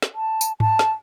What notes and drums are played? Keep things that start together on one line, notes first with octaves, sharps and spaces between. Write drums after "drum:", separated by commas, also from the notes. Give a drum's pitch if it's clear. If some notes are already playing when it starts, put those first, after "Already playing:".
drum: snare
A5
drum: tambourine
A5, drum: tom G#2
drum: snare